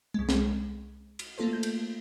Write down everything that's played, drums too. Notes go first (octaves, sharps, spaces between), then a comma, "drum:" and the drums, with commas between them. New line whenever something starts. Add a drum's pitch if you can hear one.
C2 G#3
drum: snare
drum: cymbal
A3 A#3 F4 A4 C5
G6
drum: cymbal